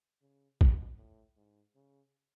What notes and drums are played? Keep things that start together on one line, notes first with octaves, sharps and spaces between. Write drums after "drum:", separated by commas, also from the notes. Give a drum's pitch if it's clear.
C#3
B2, drum: kick
A2
G#2
C#3